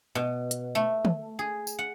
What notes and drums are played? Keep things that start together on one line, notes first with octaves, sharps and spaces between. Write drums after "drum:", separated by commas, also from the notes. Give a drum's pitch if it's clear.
B2
drum: hi-hat
A3
drum: tom
G#4
drum: tambourine
F#5